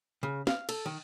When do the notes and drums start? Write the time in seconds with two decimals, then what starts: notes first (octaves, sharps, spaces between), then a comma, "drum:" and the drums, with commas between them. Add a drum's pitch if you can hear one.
0.23 C#3
0.47 F5, drum: snare
0.69 A4, drum: cymbal
0.86 D#3